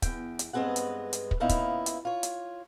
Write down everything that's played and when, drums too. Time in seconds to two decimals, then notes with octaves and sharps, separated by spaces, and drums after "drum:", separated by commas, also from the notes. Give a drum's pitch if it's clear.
0.02 E2 G5, drum: kick, hi-hat
0.39 drum: hi-hat
0.53 G2 G#3 B3 C4 G#4 F#5
0.76 drum: hi-hat
1.13 drum: hi-hat
1.31 drum: kick
1.40 A#2 B3 C#4 D#4 E4 F5
1.49 drum: kick, hi-hat
1.86 drum: hi-hat
2.05 F4 C#5
2.23 drum: hi-hat